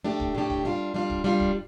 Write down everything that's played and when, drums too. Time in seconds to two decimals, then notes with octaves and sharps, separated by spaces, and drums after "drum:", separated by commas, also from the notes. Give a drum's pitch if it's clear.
0.04 A2 A3 D4 G4
0.20 drum: kick D1
0.35 A2 A3 D4 G4
0.50 drum: kick D1
0.65 G3 D4 F4
0.94 G3 D4 F4
1.10 drum: kick D1
1.24 G3 D4 F4
1.40 drum: kick D1